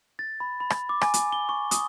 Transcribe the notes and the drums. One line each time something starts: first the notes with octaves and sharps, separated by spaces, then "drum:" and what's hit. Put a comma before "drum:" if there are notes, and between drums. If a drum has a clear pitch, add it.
A6
B5
B5
drum: rim click
D6
G#5, drum: rim click
drum: hi-hat
G7
C#6
D#6, drum: hi-hat